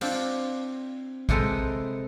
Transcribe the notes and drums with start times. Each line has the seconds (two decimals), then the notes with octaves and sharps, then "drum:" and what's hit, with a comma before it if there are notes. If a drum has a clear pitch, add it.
0.01 C4 D4 F4, drum: cymbal
1.29 C3 G#3 A4 B4 G5 A#5, drum: kick